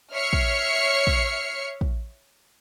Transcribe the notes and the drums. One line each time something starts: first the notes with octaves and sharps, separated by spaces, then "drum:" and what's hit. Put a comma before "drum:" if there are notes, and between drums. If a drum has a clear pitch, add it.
C#5 E5 F6 C7 C#7
drum: kick
drum: kick
drum: kick